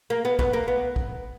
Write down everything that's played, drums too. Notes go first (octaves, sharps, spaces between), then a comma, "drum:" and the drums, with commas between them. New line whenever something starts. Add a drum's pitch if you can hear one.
A#3
B3
B3, drum: kick
A#3
B3
drum: kick